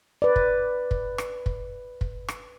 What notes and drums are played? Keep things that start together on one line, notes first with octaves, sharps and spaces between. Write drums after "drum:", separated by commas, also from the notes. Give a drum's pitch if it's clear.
B4 D5
drum: kick
drum: kick
drum: rim click
drum: kick
drum: kick
drum: rim click